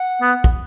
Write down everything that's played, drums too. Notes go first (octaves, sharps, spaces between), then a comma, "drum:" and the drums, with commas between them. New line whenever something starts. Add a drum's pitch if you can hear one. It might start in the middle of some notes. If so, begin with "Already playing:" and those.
Already playing: F#5
B3
drum: kick